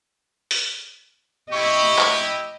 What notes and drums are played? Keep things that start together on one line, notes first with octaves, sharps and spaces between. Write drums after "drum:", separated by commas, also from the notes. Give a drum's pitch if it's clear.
drum: open hi-hat
E4 G4 D#5 C#6
drum: clap